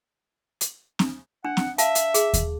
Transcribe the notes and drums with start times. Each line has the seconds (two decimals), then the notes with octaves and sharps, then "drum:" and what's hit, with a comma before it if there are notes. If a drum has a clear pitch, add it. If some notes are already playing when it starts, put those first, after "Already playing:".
0.61 drum: hi-hat
0.99 drum: snare C4
1.45 D4 F#5
1.57 drum: snare C4
1.78 E5 F5 A5, drum: hi-hat
1.95 drum: hi-hat
2.14 G#4, drum: hi-hat
2.34 drum: kick D#2, hi-hat